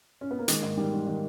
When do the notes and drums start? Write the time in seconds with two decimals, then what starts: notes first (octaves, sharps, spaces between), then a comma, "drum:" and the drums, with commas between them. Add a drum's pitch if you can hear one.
0.21 C#4
0.31 B3
0.39 A#3
0.48 D#3 G#3, drum: hi-hat
0.63 G#2
0.77 D#3 G3
0.93 D#3
1.07 D#3